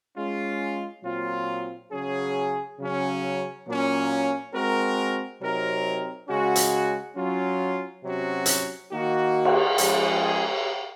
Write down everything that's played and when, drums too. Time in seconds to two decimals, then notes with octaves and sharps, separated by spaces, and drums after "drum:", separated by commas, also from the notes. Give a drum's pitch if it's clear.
0.16 G#3 C#4 F4
1.04 A#2 F#3 C4 F4
1.91 C#3 F#3 C#4 G#4
2.79 C#3 F#3 C#4
3.67 A#2 F#3 A#3 C#4
4.53 G#3 C4 F#4 A#4
5.41 C3 F#3 C4 D#4 A#4
6.28 C#3 G#3 C#4 F#4
6.56 drum: hi-hat
7.16 F#3 C#4 F4
8.04 C3 F#3 C#4 F#4
8.46 drum: hi-hat
8.91 D#3 A#3 D#4 F#4
9.45 drum: cymbal
9.78 F3 G#3 C#4 G#4, drum: hi-hat